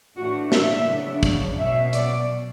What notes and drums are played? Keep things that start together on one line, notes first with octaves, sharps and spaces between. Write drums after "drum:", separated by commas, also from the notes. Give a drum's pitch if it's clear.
A2 E3 A3 D4 F#4
E5, drum: snare
C#3 F#3 B3 D4
drum: kick, hi-hat
B2 F#3 C#4 E5
D5, drum: hi-hat